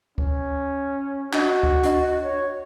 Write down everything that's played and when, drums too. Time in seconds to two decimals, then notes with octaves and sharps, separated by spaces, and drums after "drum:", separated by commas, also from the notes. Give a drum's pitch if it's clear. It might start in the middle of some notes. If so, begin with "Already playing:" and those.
0.18 C#4, drum: kick D2
1.33 D4 F#4 D#5 F#5, drum: clap
1.63 drum: kick D2
1.83 D4 D#5, drum: hi-hat
2.24 C#5